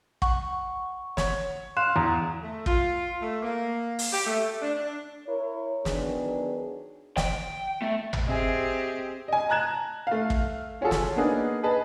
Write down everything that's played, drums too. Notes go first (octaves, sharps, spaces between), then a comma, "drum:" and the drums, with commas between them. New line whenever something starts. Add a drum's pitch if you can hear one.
F#5 C#6, drum: kick
C#5, drum: snare
F5 C6 F#6 E7
E2 A#5
A3
F4, drum: kick
A3
A#3
drum: open hi-hat
G4
A3
D4
D4
E4 A#4 C#5
D#3 F#3 B3 D4 G#4, drum: snare
G5, drum: snare
A3
drum: tom G#1
C4 G4 G#4 D#5 E5 G#5
D#5 G#5
A5 A#5 F#6 G#6 E7
A3 F5
drum: kick
C#3 C#4 F4 F#4 G#4 A4
drum: snare
A#3 B3 D4 D#4 G#4
G#4 B4 D#5 A5